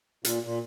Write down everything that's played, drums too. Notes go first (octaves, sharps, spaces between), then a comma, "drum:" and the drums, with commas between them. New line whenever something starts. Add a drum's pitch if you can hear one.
A#2, drum: hi-hat
A#2